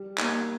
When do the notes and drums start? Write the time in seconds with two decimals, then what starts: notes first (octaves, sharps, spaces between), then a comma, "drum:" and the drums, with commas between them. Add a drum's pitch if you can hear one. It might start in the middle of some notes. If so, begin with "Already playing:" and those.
Already playing: G3
0.18 A#3 D#4, drum: clap